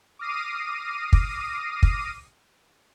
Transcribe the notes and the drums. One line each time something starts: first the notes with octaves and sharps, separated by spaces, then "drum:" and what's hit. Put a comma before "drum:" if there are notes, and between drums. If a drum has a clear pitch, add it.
D6 D#6 F6 A#6 C7 D#7
drum: kick
drum: kick